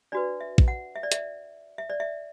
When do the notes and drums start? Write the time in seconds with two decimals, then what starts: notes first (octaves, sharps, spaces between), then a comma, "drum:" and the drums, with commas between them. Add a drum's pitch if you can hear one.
0.12 D4 F#4 B4 D5
0.41 E5
0.58 drum: kick
0.68 F#5
0.96 E5
1.03 D5
1.12 E5, drum: hi-hat
1.78 E5
1.90 D5
2.00 E5